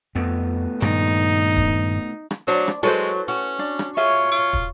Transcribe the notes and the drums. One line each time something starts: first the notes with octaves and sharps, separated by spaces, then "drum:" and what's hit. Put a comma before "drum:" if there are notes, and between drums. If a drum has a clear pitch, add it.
F2 B2 A3 B3
G2 A#2 D#3 D#4, drum: rim click
drum: kick
drum: rim click
F#3 D4 C5
drum: rim click
F#3 G#3 F#4 A4 B4 C5
C#4 F#4
D4
drum: rim click
F4 G#4 C#5 E5
F4
drum: kick